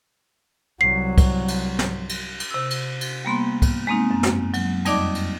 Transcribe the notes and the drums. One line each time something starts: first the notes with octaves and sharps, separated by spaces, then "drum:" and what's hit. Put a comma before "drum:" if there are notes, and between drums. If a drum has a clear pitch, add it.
C2 F#3 C7
drum: kick, cymbal
drum: cymbal
drum: snare
drum: cymbal
drum: cymbal
C3 E6
drum: cymbal
drum: cymbal
G3 A#3 B3 C6
drum: kick, cymbal
G#3 A#3 C4 D#4
F#2
drum: snare
F#3, drum: cymbal
F2 G3 D#4 D5 D#5 D6, drum: cymbal
drum: cymbal